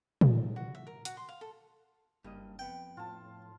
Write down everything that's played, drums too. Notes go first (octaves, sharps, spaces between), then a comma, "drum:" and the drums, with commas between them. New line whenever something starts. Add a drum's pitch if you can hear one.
drum: tom
F#4
E5
A#4
F#4, drum: hi-hat
C6
F5
A4
F#1 G2 A#3 D#5
F2 B3 G5
A2 F4 A5